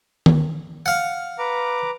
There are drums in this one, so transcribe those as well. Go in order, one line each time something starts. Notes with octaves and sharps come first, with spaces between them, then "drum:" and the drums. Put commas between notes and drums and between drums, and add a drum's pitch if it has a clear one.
drum: tom D#3
F5 F#5
B4 A#5 D6